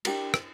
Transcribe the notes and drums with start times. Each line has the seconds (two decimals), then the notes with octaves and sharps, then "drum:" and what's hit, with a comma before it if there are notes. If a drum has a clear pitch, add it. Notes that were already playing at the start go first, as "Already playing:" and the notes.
0.05 D4 G4 A#4, drum: cymbal
0.34 drum: rim click